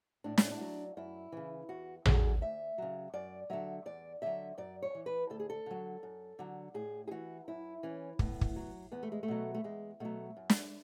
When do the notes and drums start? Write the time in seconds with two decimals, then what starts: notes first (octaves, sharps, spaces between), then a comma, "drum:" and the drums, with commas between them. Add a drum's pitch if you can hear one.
0.24 A2 D4
0.38 C#4, drum: snare
0.51 D4
0.61 F#3
0.97 F#2 E4
1.32 C#3 E3
1.69 E2 F#4
2.05 D3 F#3 G#4, drum: tom A1
2.41 D2 E5
2.78 C#3 F#3
3.14 F#2 D5
3.50 D3 F#3 E5
3.86 E2 D5
4.22 D3 F#3 E5
4.58 F#2 D5
4.82 C#5
4.95 E3
5.06 B4
5.30 D2 A4
5.40 G#4
5.50 A4
5.66 D3 F#3
6.03 F#2
6.39 D3 F#3
6.74 A2 G#4
7.08 G#4
7.11 E3 F#4
7.48 F#2 E4
7.83 E3 C#4
8.19 A2 B3, drum: kick
8.41 drum: kick
8.56 F#3
8.92 E2 B3
9.03 A3
9.12 G#3
9.23 A3
9.28 B2 F#3
9.55 A3
9.64 E2 G#3
10.00 B2 F#3 A3
10.37 F#2
10.50 drum: snare